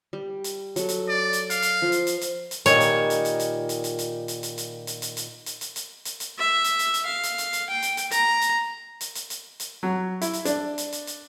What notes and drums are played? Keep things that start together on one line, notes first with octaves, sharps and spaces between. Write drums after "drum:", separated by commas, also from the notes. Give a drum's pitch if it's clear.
G3
drum: hi-hat
F#3 A4, drum: hi-hat
drum: hi-hat
D5
drum: hi-hat
F5, drum: hi-hat
drum: hi-hat
F3
drum: hi-hat
drum: hi-hat
drum: hi-hat
drum: hi-hat
A#2 D#3 G3 C#5, drum: hi-hat
drum: hi-hat
drum: hi-hat
drum: hi-hat
drum: hi-hat
drum: hi-hat
drum: hi-hat
drum: hi-hat
drum: hi-hat
drum: hi-hat
drum: hi-hat
drum: hi-hat
drum: hi-hat
drum: hi-hat
drum: hi-hat
drum: hi-hat
drum: hi-hat
drum: hi-hat
drum: hi-hat
E5
drum: hi-hat
drum: hi-hat
drum: hi-hat
F5
drum: hi-hat
drum: hi-hat
drum: hi-hat
G5
drum: hi-hat
drum: hi-hat
A#5, drum: hi-hat
drum: hi-hat
drum: hi-hat
drum: hi-hat
drum: hi-hat
drum: hi-hat
F#3
E4, drum: hi-hat
drum: hi-hat
D4, drum: hi-hat
drum: hi-hat
drum: hi-hat
drum: hi-hat